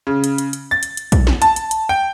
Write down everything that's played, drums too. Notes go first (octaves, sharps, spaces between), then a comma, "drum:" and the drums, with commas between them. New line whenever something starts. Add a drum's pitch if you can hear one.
C#3
drum: hi-hat
drum: hi-hat
drum: hi-hat
A6
drum: hi-hat
drum: hi-hat
drum: kick, hi-hat
drum: snare
A5, drum: hi-hat
drum: hi-hat
drum: hi-hat
G5